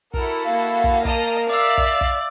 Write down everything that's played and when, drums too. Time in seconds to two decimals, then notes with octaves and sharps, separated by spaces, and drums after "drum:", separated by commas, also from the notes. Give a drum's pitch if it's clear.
0.14 E4 F#4 A4 A#4, drum: kick
0.45 A#3 F5
0.84 drum: kick
1.05 A#4 D#5 A5 A#5, drum: kick
1.50 D5 E5 F5 D6 E6
1.78 drum: kick
2.01 drum: kick